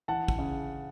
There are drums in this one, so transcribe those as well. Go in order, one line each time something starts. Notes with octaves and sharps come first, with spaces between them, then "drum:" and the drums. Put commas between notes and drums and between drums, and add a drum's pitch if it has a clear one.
E3 F#5 A5
drum: kick
C#3